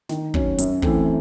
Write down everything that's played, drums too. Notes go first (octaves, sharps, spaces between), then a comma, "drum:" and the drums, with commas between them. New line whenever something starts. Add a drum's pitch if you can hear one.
D#3, drum: snare
F#3 C#4, drum: kick
F#2, drum: hi-hat
E3 A3 C4, drum: kick